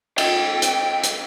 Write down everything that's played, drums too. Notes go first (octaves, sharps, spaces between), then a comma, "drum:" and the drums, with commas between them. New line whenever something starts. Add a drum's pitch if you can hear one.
G5, drum: cymbal
drum: hi-hat
drum: hi-hat